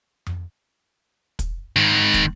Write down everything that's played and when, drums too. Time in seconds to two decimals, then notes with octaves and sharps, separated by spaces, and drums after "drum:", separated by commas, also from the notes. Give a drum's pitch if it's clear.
0.27 drum: tom F2
1.39 drum: kick, hi-hat
1.76 G#2 D#3
2.14 drum: kick, hi-hat